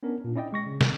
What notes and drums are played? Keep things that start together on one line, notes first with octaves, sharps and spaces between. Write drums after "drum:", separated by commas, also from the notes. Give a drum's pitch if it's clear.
B3 C#4 D4 A#4
A#2 D4
C#4 E4 D5 D#5 G5
G#3 C#6 A#6
C#3
C3 D#3, drum: snare